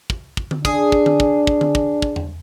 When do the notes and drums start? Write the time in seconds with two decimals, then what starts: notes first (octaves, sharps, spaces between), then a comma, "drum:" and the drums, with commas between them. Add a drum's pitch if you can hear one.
0.10 drum: kick
0.37 drum: kick
0.51 drum: tom D3
0.65 D4 G#4, drum: kick
0.92 drum: kick
1.06 drum: tom D3
1.20 drum: kick
1.47 drum: kick
1.61 drum: tom D3
1.75 drum: kick
2.02 drum: kick
2.16 drum: tom E2